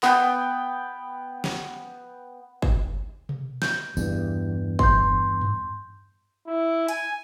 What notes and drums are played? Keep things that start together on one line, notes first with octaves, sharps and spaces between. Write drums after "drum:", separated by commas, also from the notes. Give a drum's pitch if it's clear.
B3 G5, drum: clap
drum: snare
drum: kick G1
drum: tom B2
G6, drum: snare
E2 G2, drum: tambourine
C6 G6, drum: kick G1
drum: tom G2
E4
G#5, drum: hi-hat